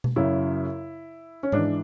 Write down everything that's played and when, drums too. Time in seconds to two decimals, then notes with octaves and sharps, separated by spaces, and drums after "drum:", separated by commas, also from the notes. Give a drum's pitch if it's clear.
0.04 drum: tom B2
0.16 F#2 C#3 F#3 E4
1.43 C#4
1.52 G#2 E3 D4, drum: tom G#2